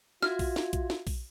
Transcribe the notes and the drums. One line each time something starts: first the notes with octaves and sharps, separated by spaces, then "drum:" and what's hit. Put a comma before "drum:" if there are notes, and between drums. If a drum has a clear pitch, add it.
F4 F#4 E5 F6 G#6, drum: snare
drum: kick A#1, open hi-hat
drum: snare
drum: kick A#1, hi-hat
drum: snare
drum: kick A#1, open hi-hat